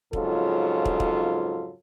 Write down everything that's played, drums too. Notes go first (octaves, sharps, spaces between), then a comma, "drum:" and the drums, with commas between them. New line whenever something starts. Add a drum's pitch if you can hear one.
F2 G#2 C#3 F#3 F4 A4, drum: kick
drum: kick
drum: kick